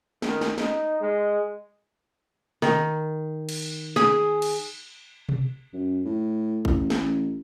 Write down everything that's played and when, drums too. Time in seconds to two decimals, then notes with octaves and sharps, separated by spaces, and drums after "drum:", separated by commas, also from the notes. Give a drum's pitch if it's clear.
0.22 D#3, drum: snare
0.41 drum: snare
0.58 D#4, drum: snare
0.99 G#3
2.62 D#3, drum: snare
3.49 drum: cymbal
3.96 G#4, drum: snare
4.42 drum: cymbal
5.29 drum: tom B2
5.73 F#2
6.05 A2
6.65 A1, drum: kick G#1
6.90 drum: snare